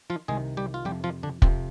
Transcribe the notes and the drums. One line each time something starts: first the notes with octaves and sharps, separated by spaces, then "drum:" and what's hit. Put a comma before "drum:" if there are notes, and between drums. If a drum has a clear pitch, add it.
F3 F4
C2 C3 D#3 G#3 G#4
G3 G4
F4
F2 C3 F3 G3 G4
F3 F4
D3 D4
F2 C3 F3 C4, drum: kick